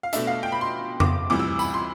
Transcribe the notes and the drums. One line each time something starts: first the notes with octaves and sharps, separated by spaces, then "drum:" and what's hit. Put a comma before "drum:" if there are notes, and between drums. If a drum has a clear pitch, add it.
F5
B2 A3 D4 E5, drum: hi-hat
F5
G5
B5
C6
D6, drum: tom F2
D2 C3 E3 G3 D6
E6
B5, drum: tambourine
C6